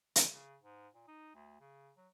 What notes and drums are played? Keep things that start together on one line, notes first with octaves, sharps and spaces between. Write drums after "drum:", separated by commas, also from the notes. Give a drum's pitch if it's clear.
C#3, drum: hi-hat
C#3
G#2
A#2
D#4
D2
C#3
F#3